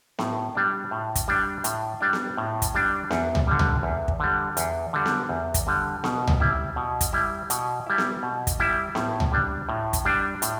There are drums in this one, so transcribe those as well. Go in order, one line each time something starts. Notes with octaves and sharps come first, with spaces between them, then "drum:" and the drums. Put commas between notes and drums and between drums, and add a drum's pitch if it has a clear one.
A2, drum: snare B3
G3 D4
A2
drum: kick, hi-hat
G3 D4
A2, drum: hi-hat
G3 D4
drum: snare B3
A2
drum: kick, hi-hat
G3 D4
E2, drum: snare B3
drum: tom C#2
D3 G3
drum: tom C#2
E2
drum: kick
D3 G3
E2, drum: hi-hat
D3 G3
drum: snare B3
E2
drum: kick, hi-hat
D3 G3
B2, drum: snare B3
drum: tom C#2
G3 E4
B2
drum: kick, hi-hat
G3 E4
B2, drum: hi-hat
G3 E4
drum: snare B3
B2
drum: kick, hi-hat
G3 E4
A2, drum: snare B3
drum: tom C#2
G3 D4
A2
drum: kick, hi-hat
G3 D4
A2, drum: hi-hat